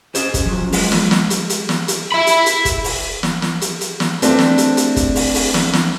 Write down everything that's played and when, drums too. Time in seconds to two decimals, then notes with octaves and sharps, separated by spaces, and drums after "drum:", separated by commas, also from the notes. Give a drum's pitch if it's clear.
0.15 C#4 C5 D#5, drum: hi-hat
0.34 drum: kick, hi-hat
0.45 F3 F#3
0.72 G#3, drum: open hi-hat
0.92 drum: snare
1.11 drum: snare
1.30 drum: hi-hat
1.50 drum: hi-hat
1.69 drum: snare
1.88 drum: hi-hat
2.12 E5 B5
2.27 drum: hi-hat
2.46 drum: hi-hat
2.65 drum: kick, hi-hat
2.84 drum: open hi-hat
3.23 drum: snare
3.42 drum: snare
3.61 drum: hi-hat
3.81 drum: hi-hat
4.00 drum: snare
4.22 A3 C4 D4 E4 A4, drum: hi-hat
4.39 drum: snare
4.58 drum: hi-hat
4.77 drum: hi-hat
4.96 drum: kick, hi-hat
5.16 drum: open hi-hat
5.35 drum: open hi-hat
5.54 drum: snare
5.73 drum: snare